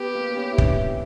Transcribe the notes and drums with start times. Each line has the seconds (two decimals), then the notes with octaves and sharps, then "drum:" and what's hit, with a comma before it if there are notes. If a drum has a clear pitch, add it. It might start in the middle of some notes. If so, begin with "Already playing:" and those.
Already playing: B3 G4
0.15 A#3
0.31 B3
0.37 C#4
0.52 E4
0.58 D4, drum: kick